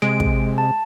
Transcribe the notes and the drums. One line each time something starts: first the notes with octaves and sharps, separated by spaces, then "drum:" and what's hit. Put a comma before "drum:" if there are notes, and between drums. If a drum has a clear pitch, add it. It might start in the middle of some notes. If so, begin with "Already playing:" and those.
C3 G#3 D7
drum: kick
A5